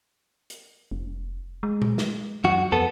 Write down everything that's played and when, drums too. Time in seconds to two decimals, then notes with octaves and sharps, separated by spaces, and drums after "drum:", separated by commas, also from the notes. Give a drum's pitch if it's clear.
0.50 drum: hi-hat
0.91 F1
1.63 G#3
1.82 drum: tom A#2
1.98 drum: snare
2.44 F#2 F#4, drum: tom
2.72 F2 B3 A4